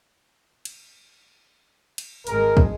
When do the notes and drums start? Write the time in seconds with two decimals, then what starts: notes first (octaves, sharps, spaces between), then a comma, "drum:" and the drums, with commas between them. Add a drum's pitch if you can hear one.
0.65 drum: cymbal
1.98 drum: cymbal
2.27 G#1 G#3 A#4, drum: hi-hat
2.57 drum: kick